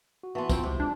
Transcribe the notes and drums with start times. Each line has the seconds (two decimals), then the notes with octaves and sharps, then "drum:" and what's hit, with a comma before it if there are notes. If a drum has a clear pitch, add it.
0.23 F#4
0.35 E3 B3 F#4 A5 C6
0.49 F2 C4, drum: kick, tambourine
0.63 C#2 C3
0.80 C#2 D4